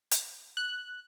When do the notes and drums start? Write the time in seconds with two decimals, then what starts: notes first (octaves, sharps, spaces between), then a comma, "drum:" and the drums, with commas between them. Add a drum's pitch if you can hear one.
0.11 drum: hi-hat
0.57 F#6